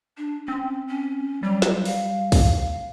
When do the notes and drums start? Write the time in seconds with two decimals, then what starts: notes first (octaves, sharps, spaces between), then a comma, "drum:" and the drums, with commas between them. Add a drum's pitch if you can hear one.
0.18 D4
0.48 C4 C#4
0.88 C#4
1.43 F#3 G3
1.62 drum: snare
1.85 F5, drum: open hi-hat
2.32 drum: kick, open hi-hat